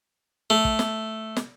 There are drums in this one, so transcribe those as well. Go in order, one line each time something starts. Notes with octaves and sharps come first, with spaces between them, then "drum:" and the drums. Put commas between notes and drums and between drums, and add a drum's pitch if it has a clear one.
A3
drum: kick
drum: snare
drum: snare